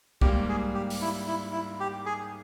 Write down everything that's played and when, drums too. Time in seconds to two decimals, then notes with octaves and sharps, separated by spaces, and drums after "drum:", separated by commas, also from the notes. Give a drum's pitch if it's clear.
0.21 G#2 G3 A#3 G4, drum: kick C2
0.49 G#4
0.74 G4
0.90 drum: open hi-hat
1.01 E4
1.27 E4
1.53 E4
1.80 G4
2.06 G#4